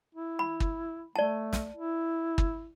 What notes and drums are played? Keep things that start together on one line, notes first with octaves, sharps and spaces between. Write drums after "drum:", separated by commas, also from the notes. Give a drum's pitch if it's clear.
E4
B5
drum: kick
A3 D5 A5
drum: snare
E4
drum: kick